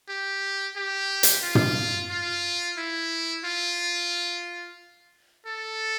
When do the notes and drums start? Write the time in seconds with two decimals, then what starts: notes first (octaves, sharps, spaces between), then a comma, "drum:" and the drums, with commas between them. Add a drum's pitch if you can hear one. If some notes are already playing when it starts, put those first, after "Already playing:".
0.08 G4
0.76 G4
1.23 drum: hi-hat
1.43 F4
1.55 drum: tom
2.10 F4
2.78 E4
3.44 F4
5.46 A4